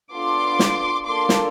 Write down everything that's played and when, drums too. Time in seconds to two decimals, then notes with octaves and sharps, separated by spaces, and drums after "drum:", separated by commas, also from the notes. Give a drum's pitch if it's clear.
0.13 B3 D4 F4 A4 C6 D6
0.59 drum: snare
1.05 A#3 D4 F4 A4 C6 D6
1.29 drum: snare